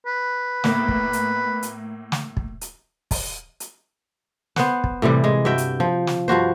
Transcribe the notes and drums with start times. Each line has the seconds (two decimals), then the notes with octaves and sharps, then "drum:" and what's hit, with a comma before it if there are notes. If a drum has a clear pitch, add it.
0.06 B4
0.64 A2 A#3 B3, drum: snare
0.88 drum: kick
1.13 drum: hi-hat
1.63 drum: hi-hat
2.12 drum: snare
2.37 drum: kick
2.61 drum: hi-hat
3.11 drum: kick, open hi-hat
3.60 drum: hi-hat
4.56 B3 C5 F#5, drum: snare
4.84 drum: kick
5.02 A2 C3 E3 G3
5.24 G#3
5.45 G2 F#4 E5 G5
5.58 drum: hi-hat
5.80 F3
6.07 drum: snare
6.28 G2 F3 F#4 C5